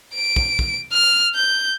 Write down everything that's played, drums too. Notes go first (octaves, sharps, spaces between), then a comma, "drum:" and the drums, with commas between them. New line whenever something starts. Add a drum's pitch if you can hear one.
D7
drum: kick
drum: kick
F6
G6